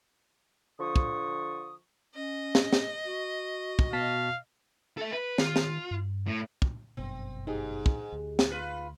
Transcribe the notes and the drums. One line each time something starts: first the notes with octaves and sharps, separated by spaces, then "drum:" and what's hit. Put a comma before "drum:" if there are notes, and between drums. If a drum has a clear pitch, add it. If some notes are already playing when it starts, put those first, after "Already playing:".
D3 F3 C#6 D#6
drum: kick
C#4 D#5
drum: snare
drum: snare
F#4
drum: kick
B2 F5 A5 B6
A4 E5
B4
D#3 F4, drum: snare
drum: snare
G2
A2
drum: kick
G1 F#2 B2 C4
G#2 D#4 G4 G#4
drum: kick
D2
drum: snare
F4 B4